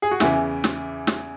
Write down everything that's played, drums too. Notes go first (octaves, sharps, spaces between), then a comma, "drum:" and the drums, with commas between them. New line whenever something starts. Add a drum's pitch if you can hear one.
G#4
F#4
E2 C#3 E3 E4, drum: snare
drum: snare
drum: snare